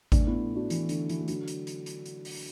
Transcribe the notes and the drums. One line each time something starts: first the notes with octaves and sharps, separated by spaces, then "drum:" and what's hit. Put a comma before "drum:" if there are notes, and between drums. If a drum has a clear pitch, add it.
A3 D4, drum: kick G#1, hi-hat
B3 E4
D4 F#4
E3, drum: hi-hat
D3, drum: hi-hat
E3, drum: hi-hat
A3
D3 F#3, drum: hi-hat
drum: hi-hat
drum: hi-hat
drum: hi-hat
drum: hi-hat
drum: open hi-hat